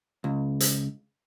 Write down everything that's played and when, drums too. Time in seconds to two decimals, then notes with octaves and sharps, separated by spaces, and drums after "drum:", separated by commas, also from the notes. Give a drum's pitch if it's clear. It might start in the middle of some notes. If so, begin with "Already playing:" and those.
0.24 C#2
0.60 drum: hi-hat